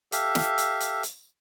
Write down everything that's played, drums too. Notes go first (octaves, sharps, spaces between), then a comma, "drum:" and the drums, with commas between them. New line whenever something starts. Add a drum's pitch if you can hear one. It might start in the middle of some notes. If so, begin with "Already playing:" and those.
G4 A4 E5 F5, drum: hi-hat
drum: snare
drum: hi-hat
drum: hi-hat
drum: hi-hat